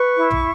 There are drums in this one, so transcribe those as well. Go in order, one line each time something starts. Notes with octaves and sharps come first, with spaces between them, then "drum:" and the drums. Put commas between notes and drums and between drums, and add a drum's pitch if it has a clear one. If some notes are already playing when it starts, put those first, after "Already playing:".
Already playing: B4 C#6
E4
drum: tom